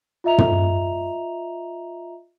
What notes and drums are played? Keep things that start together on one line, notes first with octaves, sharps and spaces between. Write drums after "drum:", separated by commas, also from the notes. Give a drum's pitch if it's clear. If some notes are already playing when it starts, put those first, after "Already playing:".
F4 D#5 E5 A#5 F7
drum: tom